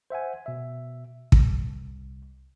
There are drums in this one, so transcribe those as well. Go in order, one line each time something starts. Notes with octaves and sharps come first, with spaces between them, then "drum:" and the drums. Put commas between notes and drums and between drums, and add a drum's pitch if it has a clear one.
C5 E5 F#5 G#5
B2 E5
C2, drum: kick